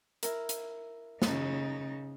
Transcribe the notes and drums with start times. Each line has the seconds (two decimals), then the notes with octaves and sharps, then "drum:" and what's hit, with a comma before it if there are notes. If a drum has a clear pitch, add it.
0.23 E4 A#4, drum: hi-hat
0.49 drum: hi-hat
1.22 C#3 D#4, drum: snare